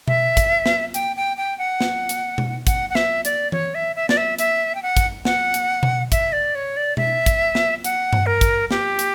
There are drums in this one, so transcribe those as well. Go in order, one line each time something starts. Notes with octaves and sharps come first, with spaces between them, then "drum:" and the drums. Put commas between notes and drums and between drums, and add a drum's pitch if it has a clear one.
E5, drum: tom B2
drum: kick, hi-hat
drum: snare
G5, drum: hi-hat
G5
G5
F#5
drum: snare
drum: hi-hat
drum: tom B2
F#5, drum: kick, hi-hat
F#5
E5, drum: snare
D5, drum: hi-hat
C#5, drum: tom E3
E5
E5
D5, drum: snare
E5
E5, drum: hi-hat
G5
F#5
drum: kick, hi-hat
F#5, drum: snare
drum: hi-hat
drum: tom B2
E5, drum: kick, hi-hat
D5
C#5
D5
E5, drum: tom B2
drum: kick, hi-hat
drum: snare
F#5, drum: hi-hat
drum: tom G2
A#4
drum: kick, hi-hat
G4, drum: snare
drum: hi-hat